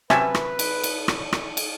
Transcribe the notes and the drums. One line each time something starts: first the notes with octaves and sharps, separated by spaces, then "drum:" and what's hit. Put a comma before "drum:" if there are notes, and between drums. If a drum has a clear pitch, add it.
C3 F#3 C#4 B4 E5 G#5 A5, drum: rim click
drum: rim click
drum: cymbal
drum: cymbal
drum: rim click
drum: rim click
drum: cymbal